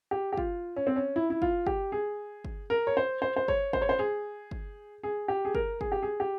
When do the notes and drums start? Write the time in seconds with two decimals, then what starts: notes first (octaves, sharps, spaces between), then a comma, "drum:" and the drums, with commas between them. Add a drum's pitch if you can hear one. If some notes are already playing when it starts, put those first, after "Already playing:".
0.11 G4
0.33 G4
0.37 F4, drum: kick
0.76 C#4
0.87 C4
0.96 C#4
1.16 E4
1.30 E4
1.42 F4, drum: kick
1.67 G4, drum: kick
1.92 G#4
2.45 drum: kick
2.70 A#4
2.87 C#5
2.97 C5
3.22 C5
3.36 C5
3.48 C#5, drum: kick
3.73 C5, drum: kick
3.81 C#5
3.89 C5
3.99 G#4
4.51 drum: kick
5.03 G#4
5.28 G4
5.45 G#4
5.55 A#4, drum: kick
5.81 G#4, drum: kick
5.92 G4
6.03 G#4
6.20 G4